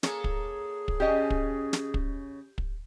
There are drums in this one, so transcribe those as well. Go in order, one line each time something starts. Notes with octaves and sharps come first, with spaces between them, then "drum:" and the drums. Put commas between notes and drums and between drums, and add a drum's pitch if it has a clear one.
A#3 G#4 A4 C#5, drum: snare
drum: kick
drum: kick
C#3 C#4 G4 D#5
drum: kick
drum: snare
drum: kick
drum: kick